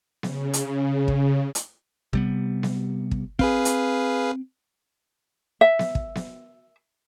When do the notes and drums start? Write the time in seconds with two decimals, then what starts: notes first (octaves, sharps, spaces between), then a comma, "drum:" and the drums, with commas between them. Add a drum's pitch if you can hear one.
0.23 C#3, drum: snare B3
0.53 drum: hi-hat
1.08 drum: kick
1.55 drum: hi-hat
2.13 C3 G3 B3, drum: kick
2.63 drum: snare B3
3.11 drum: kick
3.39 C4 G#4 B4 F5, drum: kick
3.65 drum: hi-hat
5.61 E5
5.79 drum: snare B3
5.95 drum: kick
6.15 drum: snare B3